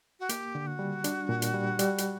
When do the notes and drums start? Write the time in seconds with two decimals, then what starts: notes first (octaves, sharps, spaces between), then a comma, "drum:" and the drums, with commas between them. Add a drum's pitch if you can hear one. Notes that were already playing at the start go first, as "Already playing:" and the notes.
0.20 F#4
0.29 A#3 G4, drum: hi-hat
0.55 D3
0.67 F#4
0.79 G3
1.04 D4, drum: hi-hat
1.29 A#2
1.42 drum: hi-hat
1.54 G3
1.79 G3, drum: hi-hat
1.98 drum: hi-hat